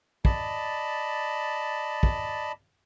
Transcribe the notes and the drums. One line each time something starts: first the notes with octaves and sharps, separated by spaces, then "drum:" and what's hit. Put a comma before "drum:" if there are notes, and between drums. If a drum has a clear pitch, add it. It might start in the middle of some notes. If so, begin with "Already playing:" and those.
D5 D#5 A5 B5, drum: kick
drum: kick